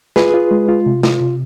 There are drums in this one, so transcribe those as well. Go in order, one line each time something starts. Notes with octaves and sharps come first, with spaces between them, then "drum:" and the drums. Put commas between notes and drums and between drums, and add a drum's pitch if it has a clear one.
F4 G#4 B4, drum: snare
F4
G#3
F4
C3
F4, drum: snare
C3